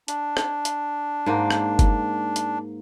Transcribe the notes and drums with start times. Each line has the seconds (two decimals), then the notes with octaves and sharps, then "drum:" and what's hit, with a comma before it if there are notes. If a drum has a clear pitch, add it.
0.08 D4, drum: hi-hat
0.37 drum: rim click
0.65 drum: hi-hat
1.26 G#2 A#3 G5
1.51 drum: rim click
1.79 drum: kick F#1, hi-hat
2.36 drum: hi-hat